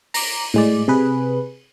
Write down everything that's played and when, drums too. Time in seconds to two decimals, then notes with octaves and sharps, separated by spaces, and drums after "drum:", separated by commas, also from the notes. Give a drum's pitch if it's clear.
0.14 A#5 D6, drum: open hi-hat
0.54 A2 G#3 D5
0.88 C3 G#4 B4